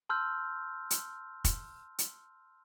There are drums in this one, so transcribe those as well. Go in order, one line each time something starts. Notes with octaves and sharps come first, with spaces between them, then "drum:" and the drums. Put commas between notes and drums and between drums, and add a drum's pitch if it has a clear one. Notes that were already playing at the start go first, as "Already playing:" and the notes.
A5 C6 E6 F6 G6
drum: hi-hat
drum: kick F1, hi-hat
drum: hi-hat